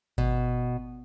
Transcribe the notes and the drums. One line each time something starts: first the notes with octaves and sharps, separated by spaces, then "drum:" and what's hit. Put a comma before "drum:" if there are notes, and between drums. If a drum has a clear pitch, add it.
B2, drum: kick G#1